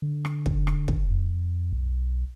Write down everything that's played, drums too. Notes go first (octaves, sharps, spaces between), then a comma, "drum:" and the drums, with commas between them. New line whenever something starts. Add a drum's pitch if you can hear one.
D3
drum: rim click
drum: kick
drum: rim click
drum: kick
F2
B1